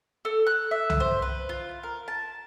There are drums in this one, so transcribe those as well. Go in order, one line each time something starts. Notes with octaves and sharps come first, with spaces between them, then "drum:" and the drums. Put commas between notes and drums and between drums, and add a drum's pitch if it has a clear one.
A4
F#6
E5
drum: tom C2
C5
B4
F4
A#4
A5